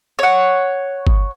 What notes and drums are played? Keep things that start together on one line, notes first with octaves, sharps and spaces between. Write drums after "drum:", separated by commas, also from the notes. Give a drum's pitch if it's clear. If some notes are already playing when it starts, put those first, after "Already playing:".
C#5 F#5
drum: kick G1